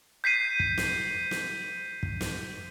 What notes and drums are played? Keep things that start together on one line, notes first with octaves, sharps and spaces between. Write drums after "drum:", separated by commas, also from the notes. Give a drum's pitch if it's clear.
G6 B6 C7 D#7
drum: kick
drum: snare
drum: snare
drum: kick
drum: snare